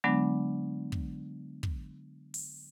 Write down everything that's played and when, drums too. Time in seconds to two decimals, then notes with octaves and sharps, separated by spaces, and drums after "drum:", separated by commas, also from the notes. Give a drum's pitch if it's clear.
0.04 D3 F#3 G#3 B3 D4
0.92 drum: kick
1.63 drum: kick
2.34 drum: open hi-hat